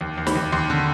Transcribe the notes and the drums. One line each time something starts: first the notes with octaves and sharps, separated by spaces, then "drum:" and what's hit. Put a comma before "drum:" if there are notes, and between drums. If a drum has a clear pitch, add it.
D#2
D#2
B5, drum: snare
D#2
D#2 C6
D3